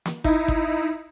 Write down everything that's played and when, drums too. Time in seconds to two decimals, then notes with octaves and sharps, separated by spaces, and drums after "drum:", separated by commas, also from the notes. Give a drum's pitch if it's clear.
0.06 drum: snare
0.24 D#4 E4, drum: kick G#1
0.48 drum: kick G#1